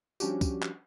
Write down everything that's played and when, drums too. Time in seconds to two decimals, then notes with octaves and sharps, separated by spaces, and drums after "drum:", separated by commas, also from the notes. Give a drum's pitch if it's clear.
0.20 F3 G3 C#4 D4 F#4 G4, drum: tambourine
0.41 drum: kick, tambourine
0.62 drum: clap